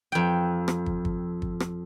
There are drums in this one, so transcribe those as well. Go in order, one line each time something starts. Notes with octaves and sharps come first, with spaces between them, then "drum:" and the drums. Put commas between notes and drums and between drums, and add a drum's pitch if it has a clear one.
F2 G5
drum: rim click
drum: kick
drum: kick
drum: kick
drum: rim click